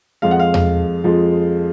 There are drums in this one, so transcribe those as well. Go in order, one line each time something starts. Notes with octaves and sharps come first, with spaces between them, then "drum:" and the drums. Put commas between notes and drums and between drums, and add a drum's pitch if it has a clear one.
F2 F3 G#3 F5
F#5
F5
drum: tom E2
F2 F3 G#3